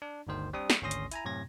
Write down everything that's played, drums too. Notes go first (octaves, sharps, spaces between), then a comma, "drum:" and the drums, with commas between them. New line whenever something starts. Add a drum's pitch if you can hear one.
D4
G1 D2 D#3 C5
G3 C4 D4 D#6
drum: snare
G#1 D2 C#4 C6 D#6 A#6
drum: hi-hat
E4 G#5 A#5, drum: hi-hat
F#2 A2 C3 C#4 G#6 A#6